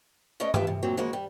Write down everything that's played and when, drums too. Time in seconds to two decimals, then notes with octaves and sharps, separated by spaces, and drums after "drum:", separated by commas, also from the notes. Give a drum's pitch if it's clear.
0.40 G#3 A3 C#4 B4 D5 D#5
0.54 D#4 F4 G4 B4 E5, drum: tom G2
0.67 C3
0.83 D2 A#2 F#3 C4
0.97 C#3 F3 G#3 A#3 F#4
1.13 G3